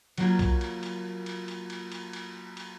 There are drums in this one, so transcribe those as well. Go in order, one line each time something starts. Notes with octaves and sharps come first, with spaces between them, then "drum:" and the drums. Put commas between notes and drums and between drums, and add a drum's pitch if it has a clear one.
F#3 A#3 F4 G#6, drum: cymbal
drum: kick B1, cymbal
drum: cymbal
drum: cymbal
drum: cymbal
drum: cymbal
drum: cymbal
drum: cymbal
drum: cymbal
drum: cymbal